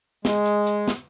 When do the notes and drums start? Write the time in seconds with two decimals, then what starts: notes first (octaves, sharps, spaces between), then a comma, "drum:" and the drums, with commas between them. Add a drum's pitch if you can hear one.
0.25 G#3, drum: snare
0.46 drum: hi-hat
0.67 drum: hi-hat
0.88 drum: snare